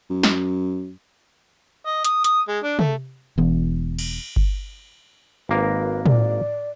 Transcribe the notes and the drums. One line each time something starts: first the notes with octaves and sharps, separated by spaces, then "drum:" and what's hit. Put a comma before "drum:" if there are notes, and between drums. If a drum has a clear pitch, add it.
F#2
drum: snare
D#5
D#6, drum: hi-hat
D#6, drum: hi-hat
G#3
D4
A3, drum: tom
E1 E2
drum: cymbal
drum: kick G1
G#1 A#3 A#4 B4
D5, drum: tom